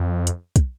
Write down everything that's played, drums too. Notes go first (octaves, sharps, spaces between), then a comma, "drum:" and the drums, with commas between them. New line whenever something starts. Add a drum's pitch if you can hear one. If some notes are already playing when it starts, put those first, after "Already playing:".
Already playing: F2
drum: hi-hat
drum: kick, hi-hat